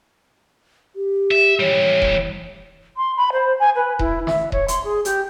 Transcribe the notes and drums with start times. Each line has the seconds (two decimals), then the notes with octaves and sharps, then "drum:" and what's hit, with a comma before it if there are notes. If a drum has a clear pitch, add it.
0.96 G4
1.31 E5
1.60 E3 G3 C#5
2.02 drum: kick D#1
2.97 C6
3.17 B5
3.33 C5
3.60 G#5
3.76 B4
3.99 E4, drum: kick D#1
4.27 E5, drum: snare
4.52 C#5, drum: kick D#1
4.68 C6, drum: hi-hat
4.84 G#4
5.05 G4, drum: hi-hat